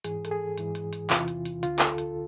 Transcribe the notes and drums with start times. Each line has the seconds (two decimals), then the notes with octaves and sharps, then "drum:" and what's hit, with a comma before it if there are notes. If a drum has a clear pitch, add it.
0.04 G#2 E3 G#4, drum: hi-hat
0.25 A4, drum: hi-hat
0.31 G#4
0.58 G#2 E3, drum: hi-hat
0.75 drum: hi-hat
0.93 drum: hi-hat
1.10 E2 C3 E3 F4, drum: clap
1.28 drum: hi-hat
1.45 drum: hi-hat
1.63 D2 D3 F4, drum: hi-hat
1.79 A4, drum: clap
1.98 drum: hi-hat